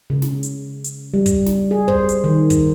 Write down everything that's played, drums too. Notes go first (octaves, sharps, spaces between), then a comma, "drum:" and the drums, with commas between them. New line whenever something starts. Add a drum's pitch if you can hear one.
C#3
drum: snare
drum: hi-hat
drum: hi-hat
G3
drum: kick, hi-hat
drum: snare
G#4
C5, drum: kick
drum: hi-hat
D#3
drum: kick, hi-hat